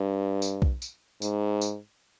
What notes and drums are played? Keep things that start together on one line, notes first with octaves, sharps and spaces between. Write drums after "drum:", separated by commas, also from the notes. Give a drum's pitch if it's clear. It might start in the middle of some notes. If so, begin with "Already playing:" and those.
Already playing: G2
drum: tambourine
drum: kick B1
drum: tambourine
G#2, drum: tambourine
drum: tambourine